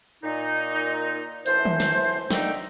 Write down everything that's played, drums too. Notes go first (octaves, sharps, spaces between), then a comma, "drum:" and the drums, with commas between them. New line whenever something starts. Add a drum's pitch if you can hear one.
A#2 D#4
F#2 E3 A3 C5, drum: hi-hat
drum: tom D#3
drum: snare
D#2 D3 D#3 D#4 E5 G5, drum: snare